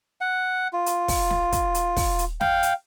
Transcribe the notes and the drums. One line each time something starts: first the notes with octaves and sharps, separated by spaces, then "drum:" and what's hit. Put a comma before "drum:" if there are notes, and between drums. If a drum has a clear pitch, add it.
F#5
F4
drum: hi-hat
drum: kick, open hi-hat
drum: snare
drum: kick, hi-hat
drum: hi-hat
drum: kick, open hi-hat
drum: hi-hat
F5 G5, drum: snare
drum: hi-hat